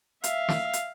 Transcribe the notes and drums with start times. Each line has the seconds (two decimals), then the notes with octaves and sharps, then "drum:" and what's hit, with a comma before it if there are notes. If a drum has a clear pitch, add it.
0.24 E5 F5, drum: hi-hat
0.48 drum: snare
0.73 drum: hi-hat